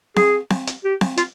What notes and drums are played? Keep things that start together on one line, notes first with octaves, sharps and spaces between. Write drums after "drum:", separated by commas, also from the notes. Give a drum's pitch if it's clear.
G#4, drum: snare C4
drum: snare C4
drum: hi-hat
G4
drum: snare C4
F4, drum: hi-hat